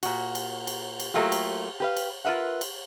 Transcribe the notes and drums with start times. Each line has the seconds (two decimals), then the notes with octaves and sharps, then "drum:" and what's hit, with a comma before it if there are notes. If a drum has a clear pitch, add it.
0.03 A#2 F#4, drum: cymbal
0.35 drum: cymbal
0.67 drum: cymbal
1.00 drum: cymbal
1.14 F#3 A3 A#3 F4 G4
1.32 drum: cymbal
1.80 G4 B4 F5
1.97 drum: cymbal
2.25 F4 A#4 B4 E5 F#5
2.61 drum: cymbal